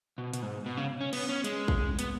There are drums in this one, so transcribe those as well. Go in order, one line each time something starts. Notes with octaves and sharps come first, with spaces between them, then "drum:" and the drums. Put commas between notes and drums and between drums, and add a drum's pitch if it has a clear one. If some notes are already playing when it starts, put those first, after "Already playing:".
B2
B2, drum: hi-hat
G#2
B2
C#3
C#4
B3, drum: cymbal
C#4
G#3, drum: hi-hat
drum: kick
B3, drum: hi-hat